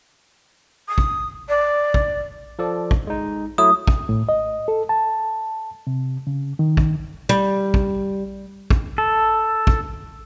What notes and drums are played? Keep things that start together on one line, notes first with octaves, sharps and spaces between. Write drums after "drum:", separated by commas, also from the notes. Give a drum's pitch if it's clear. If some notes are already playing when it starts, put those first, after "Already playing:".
D#6
drum: kick
D5
drum: kick
F3 A4 D5
drum: kick
G#3 D#4
F#3 A3 E4 D#6
drum: kick
A2
D#5
A4
A5
C3
C#3
D#3
drum: kick
G3
drum: kick
drum: kick
A4
drum: kick